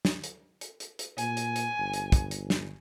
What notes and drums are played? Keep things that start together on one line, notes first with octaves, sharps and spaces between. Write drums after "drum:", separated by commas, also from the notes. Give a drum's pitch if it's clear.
drum: snare
drum: hi-hat
drum: hi-hat
drum: hi-hat
drum: hi-hat
A#2 G#5, drum: hi-hat
drum: hi-hat
drum: hi-hat
G1
drum: hi-hat
drum: kick, hi-hat
drum: hi-hat
drum: snare